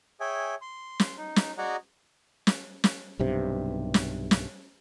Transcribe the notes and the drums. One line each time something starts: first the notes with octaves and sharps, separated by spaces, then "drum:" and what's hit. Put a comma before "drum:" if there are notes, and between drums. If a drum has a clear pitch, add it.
G#4 C#5 E5 G5 G#5
C6
drum: snare
D#4
drum: snare
F#4 G#4 D5 D#5 F#5 A#5
drum: snare
drum: snare
B1 G2 C3
drum: snare
drum: snare